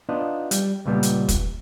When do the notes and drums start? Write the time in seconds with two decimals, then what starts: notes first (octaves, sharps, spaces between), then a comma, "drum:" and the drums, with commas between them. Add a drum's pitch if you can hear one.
0.09 B3 D4 D#4 F4
0.51 G3, drum: hi-hat
0.85 C#2 A#2 G3 B3
1.03 drum: hi-hat
1.29 drum: kick, hi-hat